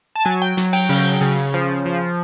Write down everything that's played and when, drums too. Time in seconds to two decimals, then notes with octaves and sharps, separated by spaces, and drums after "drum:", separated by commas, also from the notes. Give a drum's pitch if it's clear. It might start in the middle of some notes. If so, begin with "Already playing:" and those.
0.16 A5
0.25 F#3 G#5
0.42 G5
0.57 F#3, drum: hi-hat
0.73 G5, drum: cymbal
0.89 C#3, drum: open hi-hat
1.21 C#3
1.54 F3
1.85 F3